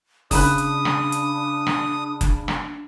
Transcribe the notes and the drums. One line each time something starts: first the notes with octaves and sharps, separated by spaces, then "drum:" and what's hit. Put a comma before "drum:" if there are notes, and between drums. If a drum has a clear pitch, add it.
C#3 D4 B5 D#6 F#6, drum: kick F#1, open hi-hat
drum: hi-hat
drum: rim click
drum: hi-hat
drum: rim click
drum: kick F#1, hi-hat
drum: rim click